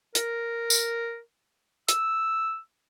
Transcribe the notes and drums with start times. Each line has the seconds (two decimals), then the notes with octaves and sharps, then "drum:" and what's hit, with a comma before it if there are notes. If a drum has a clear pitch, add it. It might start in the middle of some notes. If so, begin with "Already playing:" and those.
0.15 A#4, drum: hi-hat
0.70 drum: tambourine
1.88 E6, drum: hi-hat